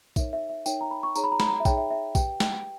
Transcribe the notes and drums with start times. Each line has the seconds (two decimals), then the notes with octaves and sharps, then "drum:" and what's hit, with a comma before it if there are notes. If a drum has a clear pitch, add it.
0.16 D#4 A#4 C#5 E5, drum: kick, tambourine
0.33 E5
0.49 E5
0.66 D#4 A#4 C#5 G5, drum: tambourine
0.81 A#5
0.91 B5
1.03 C#6
1.15 D#4 G#4 C#5 A#5, drum: tambourine
1.24 B5
1.32 A#5
1.40 B5, drum: snare
1.48 A#5
1.60 E5
1.65 D#4 G#4 C#5 G5, drum: kick, tambourine
1.78 E5
1.90 E5
2.15 G4 B4 G5, drum: kick, tambourine
2.40 G5, drum: snare